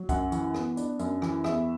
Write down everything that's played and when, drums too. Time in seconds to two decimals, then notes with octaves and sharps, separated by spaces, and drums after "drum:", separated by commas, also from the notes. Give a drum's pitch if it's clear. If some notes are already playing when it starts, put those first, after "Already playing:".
Already playing: F#3
0.09 F#2 F#5, drum: kick B1, hi-hat
0.32 E3, drum: hi-hat
0.54 B3, drum: rim click
0.77 D4, drum: hi-hat
0.99 F#2, drum: hi-hat
1.22 E3, drum: rim click
1.44 E2 E5, drum: rim click